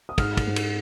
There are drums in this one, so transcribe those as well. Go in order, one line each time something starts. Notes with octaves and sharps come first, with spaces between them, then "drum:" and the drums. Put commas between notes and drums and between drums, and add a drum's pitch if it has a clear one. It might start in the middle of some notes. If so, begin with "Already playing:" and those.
D#6
G#2 F6, drum: kick, cymbal
drum: kick, cymbal
G#2
drum: cymbal